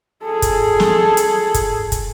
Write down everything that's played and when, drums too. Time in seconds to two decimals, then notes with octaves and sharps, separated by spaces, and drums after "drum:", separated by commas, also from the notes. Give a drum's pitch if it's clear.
0.24 G#4 A4
0.42 drum: kick, hi-hat
0.80 drum: snare
1.17 drum: hi-hat
1.54 drum: kick, hi-hat
1.92 drum: kick, hi-hat